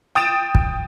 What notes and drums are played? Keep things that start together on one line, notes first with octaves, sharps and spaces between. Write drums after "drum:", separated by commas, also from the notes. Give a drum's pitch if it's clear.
G5 D#6 A6 D7 E7
drum: kick